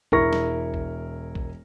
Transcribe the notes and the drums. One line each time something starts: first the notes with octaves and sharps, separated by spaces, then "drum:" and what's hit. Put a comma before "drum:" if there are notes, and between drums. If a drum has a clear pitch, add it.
E1 E4 A#4 C#6 A#6, drum: kick A#1
drum: snare
drum: kick A#1
drum: kick A#1